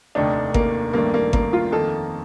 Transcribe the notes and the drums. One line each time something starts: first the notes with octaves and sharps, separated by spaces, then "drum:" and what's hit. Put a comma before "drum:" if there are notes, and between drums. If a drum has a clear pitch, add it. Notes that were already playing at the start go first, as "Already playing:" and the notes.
F1 D#2 D#3 A3 D4 D#4
A#3, drum: kick G#1
A1 G2 D#3 A3 A#3 D4
A#3
A#3, drum: kick G#1
F4
F2 D#3 A#3 D#4 A4